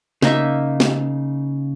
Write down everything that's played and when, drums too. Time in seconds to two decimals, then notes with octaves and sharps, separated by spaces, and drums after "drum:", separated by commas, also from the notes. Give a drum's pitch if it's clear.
0.22 C#3 A#3 D#4 E5, drum: snare
0.80 drum: snare